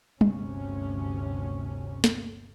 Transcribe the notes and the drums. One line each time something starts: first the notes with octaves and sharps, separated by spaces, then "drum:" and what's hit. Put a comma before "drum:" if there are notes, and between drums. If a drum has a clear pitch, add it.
G1 D2 C3 C#4, drum: tom
drum: snare